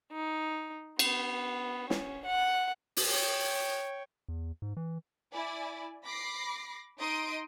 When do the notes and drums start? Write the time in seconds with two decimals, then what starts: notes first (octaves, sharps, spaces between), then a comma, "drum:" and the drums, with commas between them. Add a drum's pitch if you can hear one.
0.11 D#4
0.99 B3, drum: cymbal
1.90 C#4, drum: snare
2.26 F#5
2.97 drum: open hi-hat
3.06 C#5 G5
4.28 E2
4.62 G#2
4.77 E3
5.33 E4 D5 G#5
6.05 B5 D6 A#6 C7
6.99 D#4 D#5 C6 D#6 D7